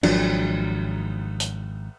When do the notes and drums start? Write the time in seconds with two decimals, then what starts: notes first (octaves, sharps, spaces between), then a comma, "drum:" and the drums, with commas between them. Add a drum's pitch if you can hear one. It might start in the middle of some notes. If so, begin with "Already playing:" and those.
0.03 G#1 F3 F#3 D4, drum: cymbal
1.40 drum: hi-hat